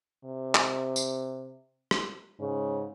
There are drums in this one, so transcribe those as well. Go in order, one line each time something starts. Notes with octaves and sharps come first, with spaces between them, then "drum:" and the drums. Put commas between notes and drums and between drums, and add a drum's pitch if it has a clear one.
C3
drum: clap
drum: tambourine
drum: rim click
G#2 C#3